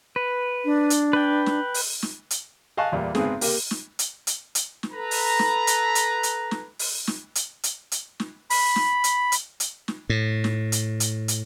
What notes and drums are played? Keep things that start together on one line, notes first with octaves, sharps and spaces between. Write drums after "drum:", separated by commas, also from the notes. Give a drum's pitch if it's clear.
B4
D4
drum: hi-hat
B4 G5
drum: snare
drum: open hi-hat
drum: snare
drum: hi-hat
D#5 F5 G#5 A5 C#6 F#6
E2 A#2 G3
G#1 B3 C4 G#4, drum: snare
A#3 G4 A#4, drum: open hi-hat
drum: snare
drum: hi-hat
drum: hi-hat
drum: hi-hat
drum: snare
A4 B4 A#5
drum: open hi-hat
drum: snare
drum: hi-hat
drum: hi-hat
drum: hi-hat
drum: snare
drum: open hi-hat
drum: snare
drum: hi-hat
drum: hi-hat
drum: hi-hat
drum: snare
B5, drum: open hi-hat
drum: snare
drum: hi-hat
drum: hi-hat
drum: hi-hat
drum: snare
A2
drum: snare
drum: hi-hat
drum: hi-hat
drum: hi-hat